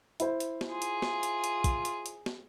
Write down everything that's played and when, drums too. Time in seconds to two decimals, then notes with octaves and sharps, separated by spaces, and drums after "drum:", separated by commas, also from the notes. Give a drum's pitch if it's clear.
0.20 E4 C5, drum: hi-hat
0.40 drum: hi-hat
0.61 drum: snare
0.70 F4 G#4
0.82 drum: hi-hat
1.02 drum: snare
1.23 drum: hi-hat
1.44 drum: hi-hat
1.64 drum: kick, hi-hat
1.85 drum: hi-hat
2.06 drum: hi-hat
2.26 drum: snare